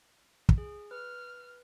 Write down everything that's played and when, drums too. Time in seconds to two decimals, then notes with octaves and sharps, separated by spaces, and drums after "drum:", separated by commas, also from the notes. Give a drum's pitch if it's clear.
0.49 drum: kick
0.58 G#4
0.91 B4 F6